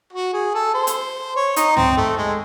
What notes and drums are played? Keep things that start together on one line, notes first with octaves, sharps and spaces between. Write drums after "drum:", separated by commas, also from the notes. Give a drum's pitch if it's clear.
F#4
G#4
A4
C5
drum: hi-hat
C#5
D#4, drum: hi-hat
C4, drum: tom
A3
G#3